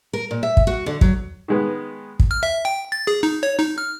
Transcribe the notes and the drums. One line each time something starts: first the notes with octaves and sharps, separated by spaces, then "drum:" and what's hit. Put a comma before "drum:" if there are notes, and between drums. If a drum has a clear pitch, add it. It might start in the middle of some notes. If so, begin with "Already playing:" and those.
A#4
A#2
E5
drum: kick
F#4
D3
F#3, drum: kick
D#3 G#3 B3
drum: kick
F6
E5
G5
A6
G#4
D#4
C#5
D#4
F6